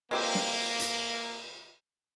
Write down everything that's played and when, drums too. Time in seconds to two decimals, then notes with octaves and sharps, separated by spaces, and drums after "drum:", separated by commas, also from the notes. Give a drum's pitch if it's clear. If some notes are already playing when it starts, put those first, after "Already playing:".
0.11 G#3 A#3 C4 G4, drum: cymbal
0.35 drum: snare
0.80 drum: hi-hat